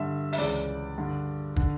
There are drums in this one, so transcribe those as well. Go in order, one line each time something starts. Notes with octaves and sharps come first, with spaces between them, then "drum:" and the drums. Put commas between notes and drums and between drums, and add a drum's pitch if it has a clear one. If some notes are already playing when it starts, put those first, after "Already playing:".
Already playing: G2 D3 E5
E5, drum: open hi-hat
C#2 C#3 E3 D5
G2 D3
D3, drum: kick